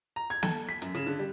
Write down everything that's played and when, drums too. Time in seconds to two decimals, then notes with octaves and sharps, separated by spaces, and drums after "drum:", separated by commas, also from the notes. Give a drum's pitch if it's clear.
0.16 A#5
0.30 G#6
0.43 A4, drum: snare
0.69 B6
0.82 F#2, drum: hi-hat
0.95 C#3
1.06 D3
1.19 G3